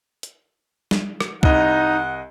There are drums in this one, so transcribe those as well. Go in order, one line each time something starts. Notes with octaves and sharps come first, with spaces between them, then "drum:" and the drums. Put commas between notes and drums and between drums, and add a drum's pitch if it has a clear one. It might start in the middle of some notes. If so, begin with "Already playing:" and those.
drum: hi-hat
drum: snare
drum: rim click
C2 D#4 D#5 F#5, drum: kick C#2